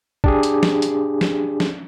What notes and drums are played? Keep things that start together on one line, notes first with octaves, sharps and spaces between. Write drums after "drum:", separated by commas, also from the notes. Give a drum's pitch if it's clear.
D4 G4 G#4, drum: kick
drum: hi-hat
drum: snare
drum: hi-hat
drum: snare
drum: snare